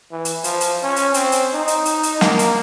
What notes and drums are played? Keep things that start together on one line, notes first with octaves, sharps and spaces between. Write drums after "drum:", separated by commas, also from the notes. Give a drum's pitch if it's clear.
E3
drum: hi-hat
F3, drum: hi-hat
drum: hi-hat
C#4
drum: hi-hat
C4, drum: hi-hat
drum: hi-hat
D#4
drum: hi-hat
drum: hi-hat
drum: hi-hat
A#3, drum: snare
drum: hi-hat